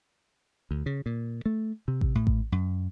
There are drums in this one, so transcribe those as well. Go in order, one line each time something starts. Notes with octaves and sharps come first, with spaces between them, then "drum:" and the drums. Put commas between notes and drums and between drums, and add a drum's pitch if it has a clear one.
D2
C#3
A#2
A3
C3
drum: kick A1
A2
drum: kick A1
F#2